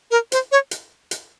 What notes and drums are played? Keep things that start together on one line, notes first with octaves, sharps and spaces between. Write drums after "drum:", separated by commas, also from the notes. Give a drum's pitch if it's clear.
A#4
C5, drum: hi-hat
C#5
drum: hi-hat
drum: hi-hat